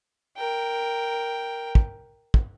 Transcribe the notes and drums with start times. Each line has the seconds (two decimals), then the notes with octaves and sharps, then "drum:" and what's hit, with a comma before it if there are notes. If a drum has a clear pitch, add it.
0.37 A#4 G5
1.75 drum: kick
2.34 drum: kick